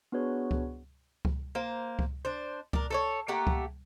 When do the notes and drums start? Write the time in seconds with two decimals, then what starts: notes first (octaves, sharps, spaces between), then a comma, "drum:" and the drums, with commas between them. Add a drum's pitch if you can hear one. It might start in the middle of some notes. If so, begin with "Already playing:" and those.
0.12 B3 D4 F#4 G#4 B4 C#5
0.51 drum: kick C#2
1.25 drum: kick C#2
1.55 A#3 C5
1.99 drum: kick C#2
2.25 D4 C5
2.73 D4 A#4, drum: kick C#2
2.90 A4 C5 C#5
3.28 A3 A#3 G4 F#5
3.47 drum: kick C#2